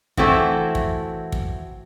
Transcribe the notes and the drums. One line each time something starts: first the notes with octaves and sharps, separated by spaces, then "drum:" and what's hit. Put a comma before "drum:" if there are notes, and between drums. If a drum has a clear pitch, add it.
E3 A3 C4 E4 F#4, drum: kick
drum: kick
drum: kick